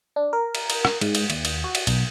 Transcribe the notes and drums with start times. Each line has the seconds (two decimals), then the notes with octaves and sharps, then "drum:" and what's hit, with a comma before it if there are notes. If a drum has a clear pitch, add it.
0.16 D4
0.33 A#4
0.55 drum: cymbal
0.70 drum: cymbal
0.85 drum: rim click
1.01 G#2, drum: cymbal
1.15 drum: cymbal
1.30 D#2, drum: cymbal
1.45 drum: cymbal
1.64 F#4
1.75 drum: cymbal
1.87 B1, drum: cymbal